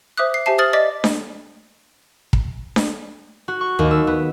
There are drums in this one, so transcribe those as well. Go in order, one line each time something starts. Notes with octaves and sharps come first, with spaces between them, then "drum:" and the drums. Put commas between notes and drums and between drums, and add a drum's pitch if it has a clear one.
C5 E5 D6 D#6 F#6
C7
G4 C5 E5 G#5 A5 C7
C5 D#6 F6 A6 F#7
D5 D#5 D6 A6 B6
drum: snare D4
drum: kick
drum: snare D4
F#4
C#6
D#2
E6
B3